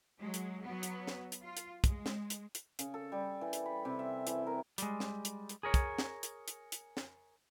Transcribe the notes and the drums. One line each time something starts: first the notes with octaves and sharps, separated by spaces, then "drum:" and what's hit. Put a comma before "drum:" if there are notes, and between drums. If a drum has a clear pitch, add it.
F#3 G#3
drum: hi-hat
F#3 B3
drum: hi-hat
drum: snare
drum: hi-hat
F4
drum: hi-hat
G#3, drum: kick, hi-hat
drum: snare
drum: hi-hat
drum: hi-hat
C#3, drum: hi-hat
A4
G3
E3
drum: hi-hat
B5
C3
E5
E3, drum: hi-hat
A#4
G3 G#3, drum: hi-hat
drum: snare
drum: hi-hat
drum: hi-hat
G#4 A#4 C#5
drum: kick, hi-hat
drum: snare
drum: hi-hat
drum: hi-hat
drum: hi-hat
drum: snare